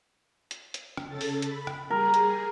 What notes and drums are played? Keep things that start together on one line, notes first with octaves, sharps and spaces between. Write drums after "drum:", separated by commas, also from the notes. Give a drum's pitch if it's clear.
drum: hi-hat
drum: hi-hat
drum: rim click
C#3 A4 A6
drum: open hi-hat
B5, drum: hi-hat
drum: rim click
G3 G#4 A#4
drum: hi-hat